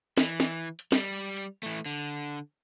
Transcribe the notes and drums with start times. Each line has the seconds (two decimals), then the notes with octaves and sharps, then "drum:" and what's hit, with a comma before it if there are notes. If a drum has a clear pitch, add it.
0.18 E3, drum: snare
0.40 drum: snare
0.79 drum: hi-hat
0.92 G3, drum: snare
1.37 drum: hi-hat
1.63 E3 A3
1.86 D3